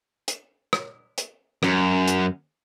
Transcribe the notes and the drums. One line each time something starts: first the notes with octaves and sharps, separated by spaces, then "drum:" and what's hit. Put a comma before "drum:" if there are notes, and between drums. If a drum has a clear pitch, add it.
drum: hi-hat
drum: rim click
drum: hi-hat
F#2, drum: rim click
drum: hi-hat